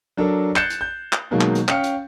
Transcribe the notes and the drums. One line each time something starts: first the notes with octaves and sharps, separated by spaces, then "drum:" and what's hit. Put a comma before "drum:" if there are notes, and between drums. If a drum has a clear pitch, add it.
F#3 D4 A4 A#4
F#6 G6 A6 C7 C#7 E7, drum: clap
drum: hi-hat
G6
drum: clap
B2 D#3 F#3 G#3 A#3
drum: clap
drum: hi-hat
C#4 F5 G5 F6 C#7, drum: clap
drum: hi-hat